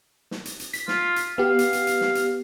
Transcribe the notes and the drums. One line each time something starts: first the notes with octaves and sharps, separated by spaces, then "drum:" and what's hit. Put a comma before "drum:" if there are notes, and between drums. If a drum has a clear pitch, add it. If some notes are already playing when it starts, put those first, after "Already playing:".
drum: snare
drum: hi-hat
drum: hi-hat
B6, drum: hi-hat
F4, drum: snare
drum: hi-hat
B3 G4 F5
drum: hi-hat
drum: hi-hat
drum: hi-hat
drum: snare
drum: hi-hat